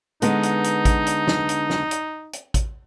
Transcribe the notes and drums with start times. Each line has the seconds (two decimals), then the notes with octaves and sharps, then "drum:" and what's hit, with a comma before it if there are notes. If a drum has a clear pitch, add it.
0.22 D3 G#3 B3 D#4, drum: hi-hat
0.43 drum: hi-hat
0.64 drum: hi-hat
0.85 drum: kick A1, hi-hat
1.06 drum: hi-hat
1.28 drum: snare
1.49 drum: hi-hat
1.70 drum: snare
1.91 drum: hi-hat
2.33 drum: hi-hat
2.54 drum: kick A1, hi-hat